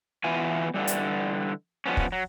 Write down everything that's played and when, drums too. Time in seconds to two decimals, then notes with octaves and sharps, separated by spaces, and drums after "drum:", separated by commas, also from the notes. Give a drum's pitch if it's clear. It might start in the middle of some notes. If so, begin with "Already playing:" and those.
0.24 E3 B3 F4 F#4 G#5
0.74 D3 E3 G3
0.87 drum: hi-hat
1.86 F3 G3 B3 C#4
1.97 drum: kick
2.12 F#3